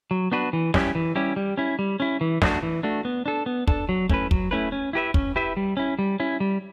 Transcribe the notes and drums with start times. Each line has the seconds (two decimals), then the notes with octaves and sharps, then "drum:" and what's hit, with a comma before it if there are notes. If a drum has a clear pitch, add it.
0.11 F#3
0.32 B3 D4 F#4 B4
0.53 E3
0.74 G3 C#4 E4 G4, drum: snare
0.95 E3
1.16 G3 C#4 E4 G4
1.36 G3
1.57 C#4 E4
1.79 G3
2.00 C#4 E4
2.21 E3
2.42 A3 D4 F#4, drum: snare
2.63 E3
2.83 A3 D4 F#4
3.05 B3
3.26 D4 A4
3.46 B3
3.67 D4 A4, drum: kick
3.89 F#3
4.09 A3 C#4 E4 B4, drum: kick
4.31 F#3, drum: kick
4.51 A3 C#4 E4 B4
4.72 C#4
4.93 E4 G4 B4 E5
5.14 C#4, drum: kick
5.36 E4 G4 B4 E5
5.57 G3
5.77 C#4 E4
5.99 G3
6.20 C#4 E4
6.40 G3